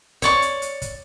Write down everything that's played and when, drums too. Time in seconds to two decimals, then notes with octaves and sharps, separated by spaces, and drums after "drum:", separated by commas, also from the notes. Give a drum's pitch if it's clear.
0.22 C#5 D5 C#6, drum: kick, hi-hat
0.42 drum: hi-hat
0.62 drum: hi-hat
0.82 drum: kick, hi-hat